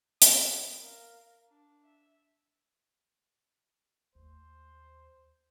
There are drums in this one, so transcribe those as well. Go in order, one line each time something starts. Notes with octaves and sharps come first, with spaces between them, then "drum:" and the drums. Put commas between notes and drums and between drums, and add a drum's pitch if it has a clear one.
D#6, drum: hi-hat
A#4 F5
D4
E5
D#2 A3 C5